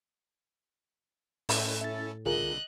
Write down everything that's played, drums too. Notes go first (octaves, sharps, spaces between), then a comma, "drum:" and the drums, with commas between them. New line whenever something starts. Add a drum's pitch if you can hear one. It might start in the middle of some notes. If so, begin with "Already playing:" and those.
A2 C#4 E4 A4, drum: open hi-hat
E5 A6
C2 D3 F4 G#4 A#4 D#5 F#6